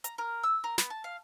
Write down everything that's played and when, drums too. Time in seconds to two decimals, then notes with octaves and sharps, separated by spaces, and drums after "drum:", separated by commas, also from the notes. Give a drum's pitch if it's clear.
0.04 A#5, drum: hi-hat
0.18 A#4
0.43 E6
0.64 A#4
0.78 B3, drum: snare
0.90 A5
1.04 F5